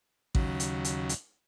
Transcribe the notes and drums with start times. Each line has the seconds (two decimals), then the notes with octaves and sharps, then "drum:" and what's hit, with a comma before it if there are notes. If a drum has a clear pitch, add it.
0.35 D#2 C#3 F#3, drum: kick A1
0.60 drum: hi-hat
0.84 drum: hi-hat
1.09 drum: hi-hat